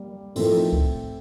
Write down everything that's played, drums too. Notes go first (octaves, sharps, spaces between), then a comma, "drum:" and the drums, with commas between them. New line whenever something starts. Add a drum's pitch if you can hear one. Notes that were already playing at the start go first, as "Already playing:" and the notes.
Already playing: G3 A#3
A2 F3 A3 A#3 C4 D#4, drum: open hi-hat
drum: kick C#2